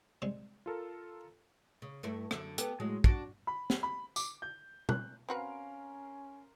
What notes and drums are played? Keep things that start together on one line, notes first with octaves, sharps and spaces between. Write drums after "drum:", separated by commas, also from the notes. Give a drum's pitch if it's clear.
C3 G3 G#3
F4 A4 A#4
C#3
G2 A3 E4
F#2 D3 E5, drum: rim click
B3 G4 A4, drum: hi-hat
A2 F#3 G#3
D4 F#4, drum: kick
B5
drum: snare
B5
D6, drum: tambourine
G6
F#6, drum: tom B2
C4 C#4 F#4 A#4 B4 F5 C6